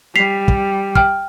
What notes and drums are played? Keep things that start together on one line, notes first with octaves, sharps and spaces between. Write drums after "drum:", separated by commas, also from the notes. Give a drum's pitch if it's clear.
G3 B6 C7 F7
drum: kick
G5 F6, drum: kick